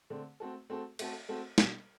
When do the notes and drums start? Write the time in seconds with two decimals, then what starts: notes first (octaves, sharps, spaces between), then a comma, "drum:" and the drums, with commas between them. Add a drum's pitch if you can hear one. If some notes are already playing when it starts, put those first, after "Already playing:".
0.10 D3 A3 C4
0.40 A3 C4 F#4 A4
0.70 A3 C4 F#4 A4
0.99 A3 C4 F#4 A4, drum: cymbal
1.29 A3 C4 F#4 A4
1.58 B2 G3 D4, drum: snare